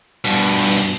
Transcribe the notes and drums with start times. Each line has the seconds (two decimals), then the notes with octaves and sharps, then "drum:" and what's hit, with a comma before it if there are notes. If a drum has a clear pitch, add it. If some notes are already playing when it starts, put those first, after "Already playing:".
0.24 G2 B2, drum: cymbal
0.59 drum: cymbal